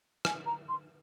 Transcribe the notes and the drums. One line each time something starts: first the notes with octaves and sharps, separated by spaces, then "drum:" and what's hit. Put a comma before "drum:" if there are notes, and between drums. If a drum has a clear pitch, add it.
G#5, drum: rim click
A#5
C6